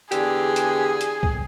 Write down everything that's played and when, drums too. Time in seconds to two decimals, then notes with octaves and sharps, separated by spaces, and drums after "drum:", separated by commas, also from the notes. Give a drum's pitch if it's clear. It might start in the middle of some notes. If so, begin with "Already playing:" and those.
0.12 E2 D3 G4 G#4, drum: hi-hat
0.56 drum: hi-hat
1.01 drum: hi-hat
1.23 drum: kick C2